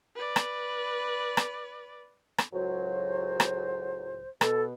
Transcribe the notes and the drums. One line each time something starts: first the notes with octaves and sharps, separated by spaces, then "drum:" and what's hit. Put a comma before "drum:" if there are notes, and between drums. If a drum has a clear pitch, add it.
B4 D5
drum: rim click
drum: rim click
drum: rim click
C#2 A2 F#3 C5
drum: rim click
B2 A4, drum: rim click